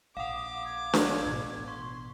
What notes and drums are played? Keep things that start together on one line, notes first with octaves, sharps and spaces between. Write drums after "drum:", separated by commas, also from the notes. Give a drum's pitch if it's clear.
A#1 F5 F#5 D6 D#6
G#6
drum: snare D4
A1 B2
C6 C#6